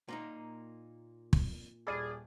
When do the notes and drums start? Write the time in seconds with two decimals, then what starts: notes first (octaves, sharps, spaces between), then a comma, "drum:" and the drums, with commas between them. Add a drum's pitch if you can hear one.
0.08 A#2 A#3 D#4
1.33 drum: kick
1.87 D#1 G#4 D5 B5 D6 F6 A6